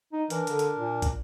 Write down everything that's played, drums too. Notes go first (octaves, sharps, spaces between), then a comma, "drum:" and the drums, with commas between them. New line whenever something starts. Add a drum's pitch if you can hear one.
D#4
E3 D4 A#4, drum: hi-hat
D3, drum: hi-hat
drum: hi-hat
A#2
drum: kick, hi-hat